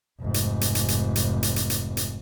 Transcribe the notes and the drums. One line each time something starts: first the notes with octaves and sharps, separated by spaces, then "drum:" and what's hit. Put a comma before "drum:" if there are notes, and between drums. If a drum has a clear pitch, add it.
F1 G#2
drum: hi-hat
drum: hi-hat
drum: hi-hat
drum: hi-hat
drum: hi-hat
drum: hi-hat
drum: hi-hat
drum: hi-hat
drum: hi-hat